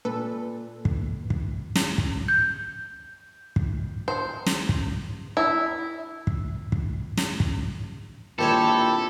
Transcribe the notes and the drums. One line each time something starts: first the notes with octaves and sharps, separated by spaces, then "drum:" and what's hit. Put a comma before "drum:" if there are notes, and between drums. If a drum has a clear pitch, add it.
A#2 A4 B4
drum: kick
drum: kick
drum: snare
drum: kick
G6
drum: kick
C5
drum: snare
drum: kick
E4
drum: kick
drum: kick
drum: snare
drum: kick
A#1 C4 E4 G4 A4 C5 C#5